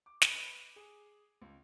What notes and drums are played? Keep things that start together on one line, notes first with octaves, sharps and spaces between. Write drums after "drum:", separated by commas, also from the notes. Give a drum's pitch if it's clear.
D6
B4, drum: snare
B4
G#4
C#2